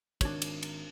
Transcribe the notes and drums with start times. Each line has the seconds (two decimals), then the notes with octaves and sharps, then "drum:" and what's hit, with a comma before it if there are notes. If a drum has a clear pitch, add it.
0.21 G#1 D4 C#5, drum: kick, cymbal
0.42 drum: cymbal
0.63 drum: cymbal